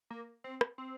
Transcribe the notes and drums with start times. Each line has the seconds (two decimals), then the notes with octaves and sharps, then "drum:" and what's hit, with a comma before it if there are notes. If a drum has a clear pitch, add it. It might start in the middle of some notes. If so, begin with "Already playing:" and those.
0.10 A#3
0.44 C4
0.61 drum: rim click
0.78 C4